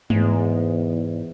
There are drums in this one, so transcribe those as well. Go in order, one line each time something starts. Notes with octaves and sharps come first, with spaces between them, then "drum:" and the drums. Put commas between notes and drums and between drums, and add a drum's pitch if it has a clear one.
E2 G#2, drum: tom G#3